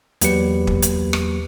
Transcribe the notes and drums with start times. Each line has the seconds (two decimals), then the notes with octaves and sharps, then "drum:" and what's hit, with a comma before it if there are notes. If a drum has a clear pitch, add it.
0.21 E2 F#3 A#3 G4 B4 C#7, drum: hi-hat
0.67 drum: kick
0.83 drum: hi-hat
1.13 drum: rim click